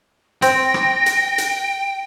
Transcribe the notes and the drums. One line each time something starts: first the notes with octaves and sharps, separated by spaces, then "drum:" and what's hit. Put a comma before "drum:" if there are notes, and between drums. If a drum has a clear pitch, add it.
C4 G5 A#6, drum: hi-hat
drum: rim click
drum: hi-hat
drum: hi-hat